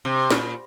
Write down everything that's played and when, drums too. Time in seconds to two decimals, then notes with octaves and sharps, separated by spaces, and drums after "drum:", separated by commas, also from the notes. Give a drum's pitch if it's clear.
0.05 C3
0.31 A#2, drum: snare